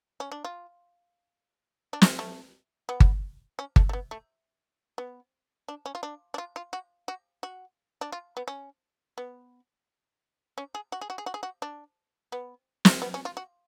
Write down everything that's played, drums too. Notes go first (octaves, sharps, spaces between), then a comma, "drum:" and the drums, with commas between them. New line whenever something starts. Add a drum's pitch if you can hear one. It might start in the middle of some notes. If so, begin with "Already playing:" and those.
C#4
D4
F4
D4
C#4, drum: snare
A3
B3
drum: kick G1
C#4
A3, drum: kick G1
A3
B3
A3
B3
D4
C#4
F4
D4
D4
F4
F4
F#4
F#4
F#4
D4
F4
B3
C#4
B3
C#4
G#4
F#4
G#4
F#4
G#4
F#4
G#4
F#4
D4
B3
drum: snare
B3
C#4
F4
F#4